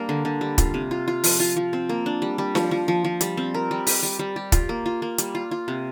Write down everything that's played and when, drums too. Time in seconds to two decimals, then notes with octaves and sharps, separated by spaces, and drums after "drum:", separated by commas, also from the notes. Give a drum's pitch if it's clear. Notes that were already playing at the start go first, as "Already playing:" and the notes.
Already playing: G3 A#3 D4 A#4
0.09 D3
0.25 D3
0.41 G3
0.58 F4, drum: kick, hi-hat
0.74 C3
0.91 F4
1.08 F4
1.24 F3, drum: open hi-hat
1.40 F4
1.56 F3
1.73 C4
1.89 A#3
2.06 D4
2.22 G3
2.38 G3
2.55 F3, drum: snare
2.71 F3
2.88 F3
3.04 F3
3.21 G3, drum: hi-hat
3.37 C4
3.54 A#4
3.71 G3
3.87 G4, drum: open hi-hat
4.03 G3
4.19 G3
4.36 G4
4.52 F4, drum: kick, hi-hat
4.69 A#3
4.86 F4
5.02 A#3
5.18 G3, drum: hi-hat
5.35 F4
5.51 F4
5.68 C3